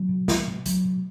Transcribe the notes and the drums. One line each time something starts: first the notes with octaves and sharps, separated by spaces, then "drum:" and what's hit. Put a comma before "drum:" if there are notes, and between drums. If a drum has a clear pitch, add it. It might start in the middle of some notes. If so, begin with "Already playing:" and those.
Already playing: F#3
B2
C#2, drum: snare
B2
C#2 F#3, drum: hi-hat
B2